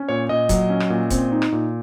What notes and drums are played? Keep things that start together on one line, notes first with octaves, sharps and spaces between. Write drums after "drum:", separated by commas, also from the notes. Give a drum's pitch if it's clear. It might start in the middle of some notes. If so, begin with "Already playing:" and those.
Already playing: C#4
A#2 C#5
A#2 D#5
F#3, drum: kick, hi-hat
C#4
drum: rim click
A#2
C4, drum: kick, hi-hat
D#4
drum: rim click
A#2